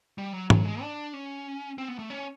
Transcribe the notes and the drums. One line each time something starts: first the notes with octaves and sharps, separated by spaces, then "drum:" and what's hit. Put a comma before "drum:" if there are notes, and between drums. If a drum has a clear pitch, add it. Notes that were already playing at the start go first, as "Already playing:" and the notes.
G3
F#3
F#3, drum: tom G#2
G#3
D4
C#4
C4
B3
A3
C#4